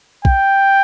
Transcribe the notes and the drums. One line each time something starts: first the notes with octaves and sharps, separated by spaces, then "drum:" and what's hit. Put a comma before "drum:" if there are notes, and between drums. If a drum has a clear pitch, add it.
G5, drum: kick